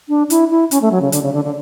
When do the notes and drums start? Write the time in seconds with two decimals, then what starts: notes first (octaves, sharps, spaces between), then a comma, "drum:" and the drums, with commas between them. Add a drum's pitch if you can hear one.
0.09 D4
0.30 E4, drum: hi-hat
0.50 E4
0.71 C#4, drum: hi-hat
0.82 A3
0.91 F#3
1.02 C#3
1.12 D3, drum: hi-hat
1.23 C#3
1.33 D3
1.45 D3